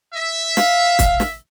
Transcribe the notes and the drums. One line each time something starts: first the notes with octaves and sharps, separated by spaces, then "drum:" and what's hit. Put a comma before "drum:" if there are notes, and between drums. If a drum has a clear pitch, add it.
E5
F5, drum: snare
drum: kick, hi-hat
drum: snare